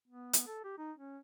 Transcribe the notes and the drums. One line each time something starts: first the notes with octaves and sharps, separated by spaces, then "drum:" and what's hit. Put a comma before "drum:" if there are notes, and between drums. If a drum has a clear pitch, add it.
B3
drum: hi-hat
A4
G4
D#4
C#4